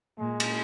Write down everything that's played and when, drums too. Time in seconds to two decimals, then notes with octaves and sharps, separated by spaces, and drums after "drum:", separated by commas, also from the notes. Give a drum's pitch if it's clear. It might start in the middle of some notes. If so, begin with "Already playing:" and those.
0.19 A#2 G#3
0.40 drum: cymbal